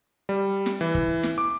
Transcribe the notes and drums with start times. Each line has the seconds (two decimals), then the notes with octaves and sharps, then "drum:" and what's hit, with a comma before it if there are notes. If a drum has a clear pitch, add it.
0.29 G3
0.66 drum: snare
0.81 E3
0.95 drum: kick
1.23 drum: snare
1.38 D6